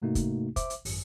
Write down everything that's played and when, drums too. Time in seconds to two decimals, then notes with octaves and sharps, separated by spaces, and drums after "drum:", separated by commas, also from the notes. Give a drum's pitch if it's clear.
0.02 G#2 C3 A3 A#3 D#4 F#4
0.15 drum: kick, hi-hat
0.56 C5 E5 D6, drum: kick, hi-hat
0.70 drum: hi-hat
0.85 G#1 F#2, drum: open hi-hat